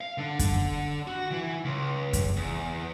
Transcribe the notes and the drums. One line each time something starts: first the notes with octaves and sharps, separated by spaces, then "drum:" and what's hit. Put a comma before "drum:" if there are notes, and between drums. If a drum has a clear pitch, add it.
F5
D3 D4
drum: kick F#2, hi-hat
F#4
E3
C#2
drum: kick F#2, hi-hat
E2